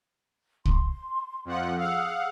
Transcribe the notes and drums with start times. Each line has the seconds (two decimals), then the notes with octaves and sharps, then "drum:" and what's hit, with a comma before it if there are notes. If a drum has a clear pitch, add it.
0.65 C6, drum: kick
1.45 F2 F3 F#5
1.78 G#4 F5 F#5 D#6 E6